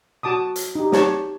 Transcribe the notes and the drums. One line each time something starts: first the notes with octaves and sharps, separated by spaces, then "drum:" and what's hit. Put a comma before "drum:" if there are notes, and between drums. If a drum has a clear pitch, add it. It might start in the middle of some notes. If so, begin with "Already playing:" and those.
F#4 A5 D6 D#6
drum: hi-hat
D#4 G4
G4 C#5 A5 C#6, drum: snare